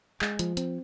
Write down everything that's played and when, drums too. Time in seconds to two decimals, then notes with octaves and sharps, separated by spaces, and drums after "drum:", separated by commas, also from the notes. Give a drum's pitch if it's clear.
0.21 G#3, drum: clap
0.39 F3, drum: hi-hat
0.57 C4, drum: hi-hat